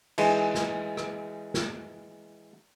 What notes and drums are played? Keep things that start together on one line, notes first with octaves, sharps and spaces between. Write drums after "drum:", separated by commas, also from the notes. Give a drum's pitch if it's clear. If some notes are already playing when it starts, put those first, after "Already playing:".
E3 G#3, drum: cymbal
drum: snare
drum: rim click
drum: snare